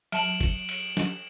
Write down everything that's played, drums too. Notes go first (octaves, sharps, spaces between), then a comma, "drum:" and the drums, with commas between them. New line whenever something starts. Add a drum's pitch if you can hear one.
F#3 A5 D7 E7 F#7, drum: cymbal
drum: kick, cymbal
drum: cymbal
drum: snare